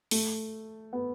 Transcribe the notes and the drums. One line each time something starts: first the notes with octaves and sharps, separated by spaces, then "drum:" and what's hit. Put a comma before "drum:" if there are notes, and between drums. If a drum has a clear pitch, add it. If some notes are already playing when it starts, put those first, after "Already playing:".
A3, drum: open hi-hat
B3